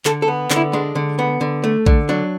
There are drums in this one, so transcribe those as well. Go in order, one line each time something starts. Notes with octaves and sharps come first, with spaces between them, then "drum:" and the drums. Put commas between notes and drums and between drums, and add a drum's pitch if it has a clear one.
D3 A4, drum: clap
A4
B3
D3, drum: clap
E4
G#3 D4
D3
B3
D3
A3
D3, drum: kick
F#3 D4